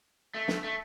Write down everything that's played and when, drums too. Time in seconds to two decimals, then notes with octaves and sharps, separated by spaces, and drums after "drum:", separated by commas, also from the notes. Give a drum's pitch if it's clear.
0.35 A3
0.48 drum: snare
0.64 A3